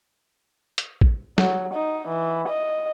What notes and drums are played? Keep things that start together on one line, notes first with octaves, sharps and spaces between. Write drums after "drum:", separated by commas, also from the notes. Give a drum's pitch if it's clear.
drum: hi-hat
drum: kick A1
F#3, drum: snare
D#4
E3
D#5